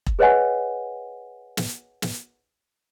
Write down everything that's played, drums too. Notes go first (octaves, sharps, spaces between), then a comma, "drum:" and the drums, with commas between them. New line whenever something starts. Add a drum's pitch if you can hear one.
drum: kick E1
G#4 B4 C#5 D#5 F#5 G#5
drum: snare
drum: snare